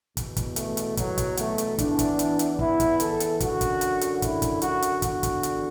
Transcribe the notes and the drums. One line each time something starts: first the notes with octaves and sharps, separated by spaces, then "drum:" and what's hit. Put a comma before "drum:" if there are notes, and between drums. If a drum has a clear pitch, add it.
E2 B2, drum: kick, hi-hat
drum: kick, hi-hat
A3, drum: hi-hat
drum: hi-hat
F#3, drum: kick, hi-hat
drum: kick, hi-hat
A3, drum: hi-hat
drum: hi-hat
E2 E3 D4, drum: kick, hi-hat
drum: kick, hi-hat
drum: hi-hat
drum: hi-hat
E4, drum: kick
drum: kick, hi-hat
A4, drum: hi-hat
drum: hi-hat
F#2 D3 F#4, drum: kick, hi-hat
drum: kick, hi-hat
drum: hi-hat
drum: hi-hat
E4, drum: kick, hi-hat
drum: kick, hi-hat
F#4, drum: hi-hat
drum: hi-hat
E2 D3 F#4, drum: kick, hi-hat
drum: kick, hi-hat
drum: hi-hat